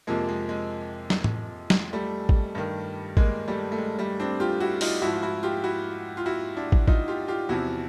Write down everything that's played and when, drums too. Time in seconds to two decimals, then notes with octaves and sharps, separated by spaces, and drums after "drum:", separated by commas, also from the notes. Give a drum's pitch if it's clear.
0.07 F2 C3 F3 G#3 A#3
0.28 G#3
0.49 G#3
1.10 drum: snare
1.24 drum: tom A2
1.70 drum: snare
1.93 G3 A3
2.29 drum: kick
2.55 G2 D#3
3.17 G#3 A#3, drum: kick
3.48 G3 A3
3.72 A3
3.78 G#3
3.99 G3 A3
4.20 C4 D4
4.40 F4 G4
4.60 E4 F#4
4.81 D#4 F4, drum: open hi-hat
5.02 G#2 F3 E4 F#4
5.13 F4
5.22 E4 F#4
5.43 F4 G4
5.64 E4 F#4
6.17 F4
6.26 E4 F#4
6.57 D4 E4
6.72 drum: kick
6.88 D#4 F4, drum: kick
7.08 F4 G4
7.28 F4 G4
7.49 E2 C3 F3 E4 F#4